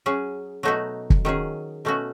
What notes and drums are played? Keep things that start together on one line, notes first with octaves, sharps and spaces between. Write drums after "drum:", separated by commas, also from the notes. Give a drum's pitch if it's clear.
F#3 C#4 G#4
B2 F#3 A3 D#4 F#4
drum: kick
D#3 F#3 C#4 G#4
B2 A3 C#4 F#4